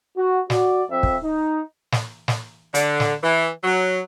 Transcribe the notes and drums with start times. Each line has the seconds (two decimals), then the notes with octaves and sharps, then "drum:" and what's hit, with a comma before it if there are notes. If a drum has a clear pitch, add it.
0.17 F#4
0.50 F#4 D5, drum: snare
0.90 F2 C4 E5
1.03 drum: kick
1.24 D#4
1.92 drum: snare
2.28 drum: snare
2.74 D3, drum: hi-hat
3.00 drum: snare
3.23 E3
3.64 F#3